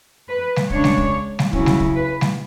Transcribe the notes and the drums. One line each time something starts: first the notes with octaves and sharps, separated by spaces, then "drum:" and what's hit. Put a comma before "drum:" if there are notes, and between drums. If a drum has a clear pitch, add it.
B4
drum: snare G3
C#3 G#3 D4 C#5, drum: kick
drum: snare G3
drum: kick
drum: snare G3
C#3 F#3 C#4 E4, drum: kick
drum: snare G3
drum: kick
B4
drum: snare G3